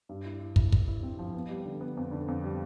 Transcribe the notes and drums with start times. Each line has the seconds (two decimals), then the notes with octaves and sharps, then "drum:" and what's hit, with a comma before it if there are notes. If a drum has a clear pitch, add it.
0.09 G2
0.25 E4
0.40 E4
0.56 E4, drum: kick
0.72 E4, drum: kick
0.88 E4
1.03 C4
1.19 F3
1.34 B3
1.49 G3
1.65 D3
1.81 B3
1.97 F2
2.12 D3
2.28 F2
2.44 G3